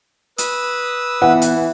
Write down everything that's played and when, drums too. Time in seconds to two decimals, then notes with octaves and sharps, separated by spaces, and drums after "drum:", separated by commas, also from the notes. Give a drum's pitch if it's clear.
0.38 B4 D#6 E6, drum: hi-hat
1.22 E3 B3 F#5
1.42 drum: hi-hat